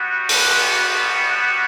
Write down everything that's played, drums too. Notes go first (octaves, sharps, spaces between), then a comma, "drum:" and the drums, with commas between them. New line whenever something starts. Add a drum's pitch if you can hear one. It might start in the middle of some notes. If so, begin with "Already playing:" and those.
Already playing: G3 B3 F#4
B4, drum: open hi-hat